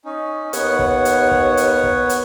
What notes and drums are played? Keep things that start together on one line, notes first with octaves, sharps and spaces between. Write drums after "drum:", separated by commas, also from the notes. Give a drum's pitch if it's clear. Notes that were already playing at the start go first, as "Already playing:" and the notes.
C#4 D#4
D#2 B3 C#5 F#5, drum: hi-hat
drum: kick
drum: hi-hat
drum: kick
drum: hi-hat
drum: kick
drum: hi-hat